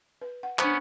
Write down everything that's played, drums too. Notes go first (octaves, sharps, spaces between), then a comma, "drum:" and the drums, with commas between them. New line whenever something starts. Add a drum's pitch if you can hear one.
B4
F#5
B3 C#4 D4 C5, drum: clap